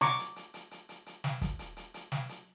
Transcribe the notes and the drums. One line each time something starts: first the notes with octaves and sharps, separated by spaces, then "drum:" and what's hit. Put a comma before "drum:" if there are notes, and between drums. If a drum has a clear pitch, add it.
A#5 C#6 D6, drum: snare
drum: hi-hat
drum: hi-hat
drum: hi-hat
drum: hi-hat
drum: hi-hat
drum: hi-hat
drum: snare
drum: kick, hi-hat
drum: hi-hat
drum: hi-hat
drum: hi-hat
drum: snare
drum: hi-hat